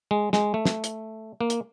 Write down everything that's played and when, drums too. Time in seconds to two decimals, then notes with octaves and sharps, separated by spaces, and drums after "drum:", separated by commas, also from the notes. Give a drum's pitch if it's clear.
0.11 G#3
0.33 G#3, drum: snare
0.54 A3
0.65 drum: snare
0.84 drum: hi-hat
1.41 A#3
1.50 drum: hi-hat